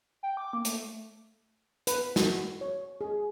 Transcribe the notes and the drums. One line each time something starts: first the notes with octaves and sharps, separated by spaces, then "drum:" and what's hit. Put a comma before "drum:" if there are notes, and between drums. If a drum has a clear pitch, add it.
G5
D6
A#3
A3, drum: hi-hat
B4, drum: hi-hat
F#4, drum: snare
C#5
G#4